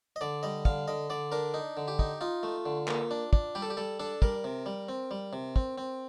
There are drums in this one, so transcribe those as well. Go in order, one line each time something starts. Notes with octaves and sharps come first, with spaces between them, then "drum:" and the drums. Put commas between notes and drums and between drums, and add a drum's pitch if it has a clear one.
D#5
D3 D5
G3 D#5
D3 F5, drum: kick
D3 D#5
D3 D5
D4 A#4
D#4
D3
G4
D#4, drum: kick
D#4 F4
A3
D3
A#3, drum: clap
D4
D4, drum: kick
G3 G4
A4
G4
G3 A4
D4 A4
G3 A#4, drum: kick
C3
G3
C4
G3
C3
C4, drum: kick
C4